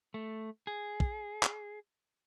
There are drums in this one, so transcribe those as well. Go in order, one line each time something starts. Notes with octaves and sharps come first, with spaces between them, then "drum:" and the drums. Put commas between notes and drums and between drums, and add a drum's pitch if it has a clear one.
A3
G#4
drum: kick
drum: clap